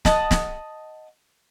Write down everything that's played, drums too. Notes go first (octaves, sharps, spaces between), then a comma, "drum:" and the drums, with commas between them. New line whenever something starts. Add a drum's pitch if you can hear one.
D#5 F#5 A5 D#6, drum: snare
drum: snare